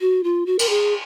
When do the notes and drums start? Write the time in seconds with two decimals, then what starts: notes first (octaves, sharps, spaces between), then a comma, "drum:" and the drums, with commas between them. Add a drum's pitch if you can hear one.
0.01 F#4
0.24 F4
0.46 F#4
0.59 A#4, drum: cymbal
0.69 G#4